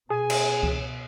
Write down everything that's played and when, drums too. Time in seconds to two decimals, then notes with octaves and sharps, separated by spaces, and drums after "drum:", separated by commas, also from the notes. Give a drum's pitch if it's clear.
0.10 B2 G#4 G#5
0.30 drum: cymbal
0.63 drum: kick C#2